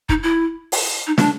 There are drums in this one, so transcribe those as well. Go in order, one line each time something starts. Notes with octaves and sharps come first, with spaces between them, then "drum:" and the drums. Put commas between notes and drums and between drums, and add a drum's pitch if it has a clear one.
D#4, drum: kick
E4
drum: open hi-hat
D#4
D4, drum: snare